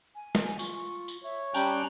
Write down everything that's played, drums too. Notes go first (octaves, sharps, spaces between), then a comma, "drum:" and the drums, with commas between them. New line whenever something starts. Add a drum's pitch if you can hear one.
G#5
drum: snare
F4 C#6, drum: tambourine
drum: tambourine
C#5 E5
G3 C#4 G5 A5 A#5 F#6, drum: tambourine